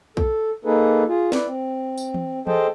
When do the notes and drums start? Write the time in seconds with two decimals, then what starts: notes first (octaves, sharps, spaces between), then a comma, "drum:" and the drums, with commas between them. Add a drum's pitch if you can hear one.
0.17 A4, drum: kick
0.65 A#3 D#4 G#4 A4 B4
1.08 F4 G#4
1.32 E4 B4 D5, drum: snare
1.47 C4
1.98 drum: tambourine
2.14 drum: tom E3
2.47 G#4 A4 C5 D#5 G5 A5, drum: tom E3